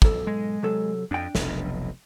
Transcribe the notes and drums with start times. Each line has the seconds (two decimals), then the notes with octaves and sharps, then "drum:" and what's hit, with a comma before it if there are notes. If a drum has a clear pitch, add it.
0.02 B1 G#2 A4, drum: kick
0.27 G#3
0.63 C3 F#3 A4
1.11 F2 D4 G5
1.35 F1 B1 F2, drum: snare